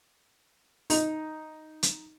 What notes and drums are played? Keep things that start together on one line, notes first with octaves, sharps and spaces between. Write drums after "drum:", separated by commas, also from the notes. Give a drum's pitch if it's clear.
D#4, drum: open hi-hat
drum: hi-hat